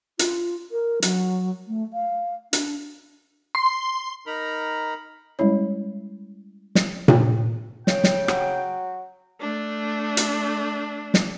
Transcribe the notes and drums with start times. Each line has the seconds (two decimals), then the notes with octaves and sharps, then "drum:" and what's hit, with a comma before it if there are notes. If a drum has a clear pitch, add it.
0.19 F4, drum: hi-hat
0.72 A#4
1.02 F#3, drum: hi-hat
1.68 A3
1.93 F5
2.53 D4, drum: hi-hat
3.55 C6
4.27 D#4 A#4 A#5 B5
5.39 G3 G#3 C#4 E4 C#5
6.75 drum: snare
7.08 drum: tom A#2
7.87 C#3 G5, drum: snare
8.04 drum: snare
8.28 F#3, drum: rim click
9.40 A3 D4
10.17 drum: hi-hat
11.14 drum: snare